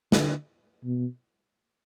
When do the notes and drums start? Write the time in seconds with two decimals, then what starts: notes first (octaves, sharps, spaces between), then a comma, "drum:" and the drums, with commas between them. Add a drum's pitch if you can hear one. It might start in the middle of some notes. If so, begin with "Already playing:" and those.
0.12 D3, drum: snare
0.84 B2